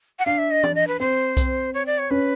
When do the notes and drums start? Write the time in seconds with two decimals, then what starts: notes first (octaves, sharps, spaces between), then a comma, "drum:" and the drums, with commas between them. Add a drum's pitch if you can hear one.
0.19 F#5
0.26 D4 F5
0.38 E5
0.51 D#5
0.64 D5, drum: tom
0.75 D#5
0.88 B4
1.00 C4 C5
1.37 C4, drum: kick B1, hi-hat
1.74 C#5
1.86 D5
1.98 C#5
2.10 C#4 B4